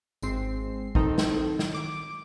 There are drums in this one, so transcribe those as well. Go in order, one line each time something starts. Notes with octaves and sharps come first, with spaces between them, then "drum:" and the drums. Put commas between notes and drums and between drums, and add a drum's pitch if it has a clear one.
G#1 G#3 C4 C7, drum: tambourine
D#3 C4 D#4 A4, drum: kick
drum: snare
drum: snare
D6